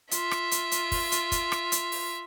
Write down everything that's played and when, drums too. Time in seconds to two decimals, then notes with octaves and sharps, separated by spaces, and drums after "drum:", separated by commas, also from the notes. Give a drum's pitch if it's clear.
0.11 F4 E5, drum: hi-hat
0.31 drum: rim click
0.51 drum: hi-hat
0.72 drum: hi-hat
0.92 drum: kick, open hi-hat
1.12 drum: hi-hat
1.32 drum: kick, hi-hat
1.52 drum: rim click
1.72 drum: hi-hat
1.92 drum: open hi-hat